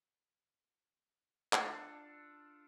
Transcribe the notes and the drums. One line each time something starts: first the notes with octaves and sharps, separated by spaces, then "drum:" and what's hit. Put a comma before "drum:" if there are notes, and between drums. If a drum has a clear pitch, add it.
D4 F4 A4, drum: clap